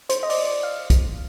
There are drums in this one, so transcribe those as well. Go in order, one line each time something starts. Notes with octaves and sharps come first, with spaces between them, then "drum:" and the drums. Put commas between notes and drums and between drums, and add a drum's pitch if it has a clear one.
C5, drum: hi-hat
D#5
D5, drum: open hi-hat
F5
drum: kick, hi-hat